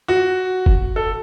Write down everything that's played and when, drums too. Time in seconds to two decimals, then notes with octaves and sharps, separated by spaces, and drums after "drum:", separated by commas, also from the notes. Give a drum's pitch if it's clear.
0.08 F#4
0.66 drum: kick
0.96 A4